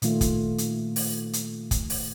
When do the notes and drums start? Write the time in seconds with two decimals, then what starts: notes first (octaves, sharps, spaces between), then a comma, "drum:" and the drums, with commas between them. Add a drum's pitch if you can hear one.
0.02 A#2 D#3 A3 F4, drum: hi-hat
0.21 drum: kick, hi-hat
0.58 drum: hi-hat
0.96 drum: open hi-hat
1.33 drum: hi-hat
1.71 drum: kick, hi-hat
1.90 drum: open hi-hat